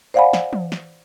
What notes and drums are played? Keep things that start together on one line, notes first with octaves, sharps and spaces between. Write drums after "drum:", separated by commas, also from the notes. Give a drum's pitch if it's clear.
C5 D5 F5 F#5 G#5 B5
drum: snare
drum: tom
drum: snare